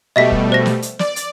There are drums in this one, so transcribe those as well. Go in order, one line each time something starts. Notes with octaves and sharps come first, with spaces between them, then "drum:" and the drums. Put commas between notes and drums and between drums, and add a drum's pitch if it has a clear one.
B2 G3 A3 D#5 E5 B6
drum: kick
C5 A#6
drum: snare
drum: hi-hat
D5, drum: snare
drum: hi-hat